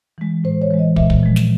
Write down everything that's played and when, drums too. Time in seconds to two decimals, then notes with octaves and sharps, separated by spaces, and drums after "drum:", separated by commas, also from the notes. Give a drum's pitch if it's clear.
0.18 E3 G#3
0.44 A2 C5
0.62 C#5
0.71 E3 G#3
0.79 D#5
0.96 A#2 E5, drum: kick
1.10 drum: kick
1.23 F3 G#3
1.36 drum: snare